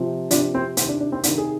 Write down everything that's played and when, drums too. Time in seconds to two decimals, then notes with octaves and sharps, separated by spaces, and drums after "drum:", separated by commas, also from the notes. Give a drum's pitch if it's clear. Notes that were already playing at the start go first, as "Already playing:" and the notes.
Already playing: C3 F3
0.31 C3 F3 D4, drum: hi-hat
0.54 C4
0.77 C3 D#3 C4, drum: hi-hat
0.89 D4
1.00 D4
1.12 C4
1.23 C3 D#3 D4, drum: hi-hat
1.38 G#4